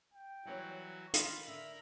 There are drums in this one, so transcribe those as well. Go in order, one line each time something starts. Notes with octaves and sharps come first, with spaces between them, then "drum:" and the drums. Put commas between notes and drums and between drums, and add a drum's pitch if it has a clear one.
G5
E3 F#3 G3 F#4 C5 C#5
D#3 F4 A#4 A#5 B5, drum: hi-hat
D3 E5